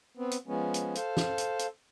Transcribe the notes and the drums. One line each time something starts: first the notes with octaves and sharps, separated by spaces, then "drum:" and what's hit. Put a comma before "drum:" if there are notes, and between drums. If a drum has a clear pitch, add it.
B3 C4
drum: hi-hat
F3 G#3 B3 C#4
drum: hi-hat
A4 C5 F5, drum: hi-hat
drum: snare
drum: hi-hat
drum: hi-hat